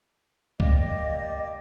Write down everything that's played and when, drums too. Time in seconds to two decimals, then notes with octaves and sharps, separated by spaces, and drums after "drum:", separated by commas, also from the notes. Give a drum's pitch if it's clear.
0.60 A#3 G4 D5 D#5, drum: kick C#2